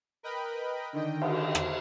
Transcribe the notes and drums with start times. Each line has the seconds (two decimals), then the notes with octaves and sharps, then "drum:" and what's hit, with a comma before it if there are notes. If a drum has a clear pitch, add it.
0.23 A#4 B4 D#5 G5 B5
0.93 D3 D#3 D#5 G5
1.22 drum: cymbal
1.55 drum: rim click